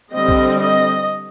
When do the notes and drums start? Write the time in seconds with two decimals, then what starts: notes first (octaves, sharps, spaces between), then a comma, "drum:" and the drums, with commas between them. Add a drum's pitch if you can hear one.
0.13 D3 G3 C4 D#5
0.29 drum: kick
0.60 D#5